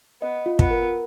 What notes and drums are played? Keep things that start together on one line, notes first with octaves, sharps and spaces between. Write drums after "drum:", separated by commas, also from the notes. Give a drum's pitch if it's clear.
B3 D#5
F4
B3, drum: kick
A#4